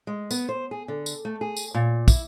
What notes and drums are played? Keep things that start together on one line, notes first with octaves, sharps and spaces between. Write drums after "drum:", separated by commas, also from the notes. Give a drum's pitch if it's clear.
G#3
B3, drum: tambourine
C5
G#4
D3
drum: tambourine
A3
G#4
drum: tambourine
A#2
E4, drum: kick, tambourine